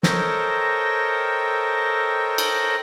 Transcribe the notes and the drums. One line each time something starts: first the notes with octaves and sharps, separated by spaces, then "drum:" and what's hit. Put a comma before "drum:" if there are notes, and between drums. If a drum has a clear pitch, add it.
A4 A#4 C5 C#5 D#5 G5, drum: snare
drum: cymbal